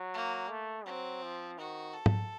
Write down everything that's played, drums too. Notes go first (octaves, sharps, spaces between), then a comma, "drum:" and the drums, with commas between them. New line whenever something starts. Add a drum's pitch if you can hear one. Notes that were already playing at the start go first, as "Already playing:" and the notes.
Already playing: F#3
A#3
A3
F#3 C4
F3
D#3 F#4
A4
drum: tom G#2